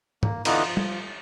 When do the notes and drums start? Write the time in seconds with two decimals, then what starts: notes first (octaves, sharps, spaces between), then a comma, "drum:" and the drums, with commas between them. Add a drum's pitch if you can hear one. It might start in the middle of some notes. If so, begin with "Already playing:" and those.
0.23 A#3, drum: tom
0.45 D3 E3 B3 D#4 F4, drum: cymbal
0.67 F3
0.77 drum: tom